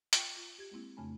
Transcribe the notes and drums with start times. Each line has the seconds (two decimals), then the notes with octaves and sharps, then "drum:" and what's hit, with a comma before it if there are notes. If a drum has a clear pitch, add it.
0.13 F4 G5 C#6, drum: hi-hat
0.37 F4
0.59 G4 G#6
0.71 G#3 A#3 C4 E4
0.97 F2 C#3 A3 D4 G#5 B5